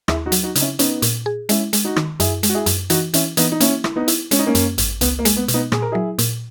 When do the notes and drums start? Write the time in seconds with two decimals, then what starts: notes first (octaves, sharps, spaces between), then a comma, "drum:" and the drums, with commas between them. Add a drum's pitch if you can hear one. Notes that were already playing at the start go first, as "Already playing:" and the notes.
0.08 D#2 E4 G#4, drum: rim click
0.26 D#4 F#4
0.32 F#3, drum: hi-hat
0.43 D#4 F#4
0.55 C#3 D#4, drum: hi-hat
0.61 C#4 E4
0.79 B3 C#4 D#4, drum: hi-hat
1.02 A#2, drum: hi-hat
1.26 G#4
1.49 G#3 C#4 E4, drum: hi-hat
1.73 G#3, drum: hi-hat
1.85 D#4 F#4
1.96 D#3, drum: rim click
2.20 F#2 E4 G#4, drum: hi-hat
2.43 G#3, drum: hi-hat
2.49 F#4
2.54 E4 G#4
2.66 F#2, drum: hi-hat
2.90 E3 D#4 F#4, drum: hi-hat
3.14 E3 C#4 E4, drum: hi-hat
3.37 E3 B3 D#4, drum: hi-hat
3.52 D#4
3.60 A#3 C#4 E4, drum: hi-hat
3.84 E4, drum: rim click
3.96 B3 D#4
4.08 E4, drum: hi-hat
4.31 G#3 C#4, drum: hi-hat
4.39 D#4
4.46 A#3 C#4
4.55 F#2, drum: hi-hat
4.78 G#1, drum: hi-hat
5.01 C#2 B3, drum: hi-hat
5.19 A#3
5.25 G#3, drum: hi-hat
5.37 B3
5.48 B2, drum: hi-hat
5.54 B3 D#4
5.72 A#2 G#4, drum: rim click
5.82 A#4
5.92 F#3 E4 G#4
6.19 A#2, drum: hi-hat